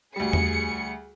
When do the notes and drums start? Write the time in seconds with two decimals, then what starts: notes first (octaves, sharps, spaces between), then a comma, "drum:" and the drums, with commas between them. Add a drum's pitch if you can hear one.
0.16 D2 G3 G#4 C#7
0.33 drum: tom E2